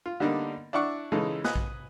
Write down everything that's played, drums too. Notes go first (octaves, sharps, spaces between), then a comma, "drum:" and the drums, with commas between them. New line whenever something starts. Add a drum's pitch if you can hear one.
F4
D3 G3 A#3 B3 D4 D#4
D4 E4 D5 F#5 C#6
C#3 E3 G#3 D#4 A4
B4 D#5 G#5 D#6 F#6, drum: snare
drum: kick A#1